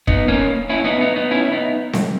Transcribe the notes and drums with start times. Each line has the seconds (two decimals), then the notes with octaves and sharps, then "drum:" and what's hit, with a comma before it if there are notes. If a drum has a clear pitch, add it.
0.07 B3 D#4, drum: kick
0.28 A#3 C#4
0.69 C#4 E4
0.84 B3 D#4
1.01 B3 D#4
1.16 B3 D#4
1.31 C#4 E4
1.52 B3 D#4
1.93 drum: snare C4